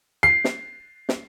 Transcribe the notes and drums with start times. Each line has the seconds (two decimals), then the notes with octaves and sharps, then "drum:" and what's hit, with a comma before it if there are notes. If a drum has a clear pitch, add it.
0.23 C7
0.44 drum: snare
1.09 drum: snare